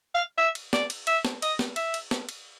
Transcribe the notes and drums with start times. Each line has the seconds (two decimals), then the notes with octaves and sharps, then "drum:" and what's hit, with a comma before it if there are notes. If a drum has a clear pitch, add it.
0.15 F5
0.38 E5
0.55 drum: cymbal
0.73 D5, drum: snare
0.90 drum: cymbal
1.07 E5, drum: cymbal
1.25 drum: snare
1.42 D#5, drum: cymbal
1.59 drum: snare
1.76 E5, drum: cymbal
1.94 drum: cymbal
2.11 drum: snare
2.29 drum: cymbal